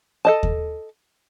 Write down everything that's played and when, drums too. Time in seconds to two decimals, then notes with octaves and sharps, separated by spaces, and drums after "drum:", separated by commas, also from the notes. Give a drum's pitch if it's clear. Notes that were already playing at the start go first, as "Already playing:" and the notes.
0.25 A4 D#5 A5
0.43 drum: kick D#2